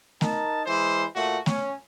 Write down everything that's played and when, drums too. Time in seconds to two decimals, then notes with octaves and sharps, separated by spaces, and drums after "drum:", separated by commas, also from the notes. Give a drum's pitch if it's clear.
0.21 D#4 A#4 A5, drum: snare A3
0.66 E3 G#3 C5
1.16 A#2 A3 F#4
1.46 C#4, drum: snare A3